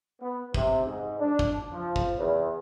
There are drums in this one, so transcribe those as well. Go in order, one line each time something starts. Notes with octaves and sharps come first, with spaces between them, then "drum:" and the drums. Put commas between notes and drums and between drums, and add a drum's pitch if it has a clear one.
B3
C3, drum: kick
G#2
D4
drum: kick
F3
drum: kick
E2